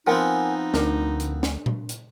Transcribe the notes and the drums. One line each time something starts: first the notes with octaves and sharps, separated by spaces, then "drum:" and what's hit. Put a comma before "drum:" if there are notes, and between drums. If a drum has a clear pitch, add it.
F3 B3 C4 D#4 A#4 F#5 G#5
D2 D4 A#4, drum: snare
drum: hi-hat
drum: snare
drum: tom A#2
drum: hi-hat